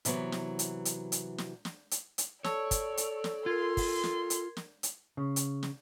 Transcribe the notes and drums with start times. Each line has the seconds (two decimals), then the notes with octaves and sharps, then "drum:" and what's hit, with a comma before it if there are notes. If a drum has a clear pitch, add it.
0.05 C3 E3 F#3 B3, drum: hi-hat
0.32 drum: snare
0.59 drum: hi-hat
0.85 drum: hi-hat
1.12 drum: hi-hat
1.38 drum: snare
1.65 drum: snare
1.91 drum: hi-hat
2.18 drum: hi-hat
2.44 A4 C#5 D5 A5 C#6 E6, drum: snare
2.71 drum: kick, hi-hat
2.97 drum: hi-hat
3.24 drum: snare
3.46 F4 A#4 C6 G#6
3.77 drum: kick, open hi-hat
4.04 drum: snare
4.30 drum: hi-hat
4.57 drum: snare
4.83 drum: hi-hat
5.17 C#3
5.36 drum: hi-hat
5.63 drum: snare